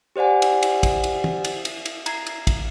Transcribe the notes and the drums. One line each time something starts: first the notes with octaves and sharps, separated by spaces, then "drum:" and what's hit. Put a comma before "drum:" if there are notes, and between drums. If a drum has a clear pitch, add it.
G4 C5 D5 F#5 G#5
drum: cymbal
drum: cymbal
drum: kick, cymbal
drum: cymbal
drum: tom
drum: cymbal
drum: cymbal
drum: cymbal
A#5 G#6 C7, drum: cymbal
drum: cymbal
drum: kick, cymbal